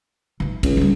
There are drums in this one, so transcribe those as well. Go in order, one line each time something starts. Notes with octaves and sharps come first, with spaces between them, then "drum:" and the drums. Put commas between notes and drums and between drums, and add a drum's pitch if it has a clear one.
E3 D#4
C#2, drum: kick, cymbal
F3 G3